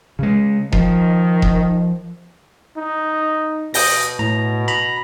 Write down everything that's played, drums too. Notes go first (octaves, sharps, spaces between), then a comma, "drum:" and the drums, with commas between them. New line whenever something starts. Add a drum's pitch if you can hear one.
C#3 G#3
D#3 F3, drum: kick E1
drum: kick E1
D#4
B2 D#6 G6 A#6, drum: open hi-hat
A2 A#5
A#5 B5